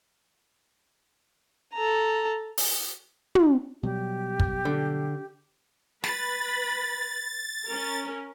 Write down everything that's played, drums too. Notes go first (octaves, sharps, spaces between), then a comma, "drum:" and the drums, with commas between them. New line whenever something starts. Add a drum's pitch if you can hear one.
A4 A#5
drum: open hi-hat
drum: tom
B2 F#3 G3 G4
drum: kick
D3
B4 B5 A6, drum: snare
C#4 A#4